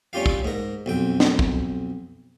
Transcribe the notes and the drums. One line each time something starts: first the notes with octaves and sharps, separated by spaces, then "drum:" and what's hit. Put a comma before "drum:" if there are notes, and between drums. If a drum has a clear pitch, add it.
G3 C#4 F4 G4 F5
drum: kick
G#2 A#4
B1 F2 G5
drum: snare
drum: kick